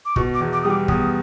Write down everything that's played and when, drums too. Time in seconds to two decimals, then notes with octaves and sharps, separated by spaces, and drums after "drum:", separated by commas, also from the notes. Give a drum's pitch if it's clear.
0.05 D6
0.16 B2 C#6, drum: kick
0.34 D6
0.41 E2
0.53 D6
0.63 G3 D#6
0.70 D6
0.88 E2 D#6, drum: kick